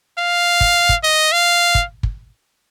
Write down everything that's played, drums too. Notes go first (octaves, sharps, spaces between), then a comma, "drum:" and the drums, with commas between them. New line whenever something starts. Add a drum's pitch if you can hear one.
F5
drum: kick
drum: kick
D#5
F5
drum: kick
drum: kick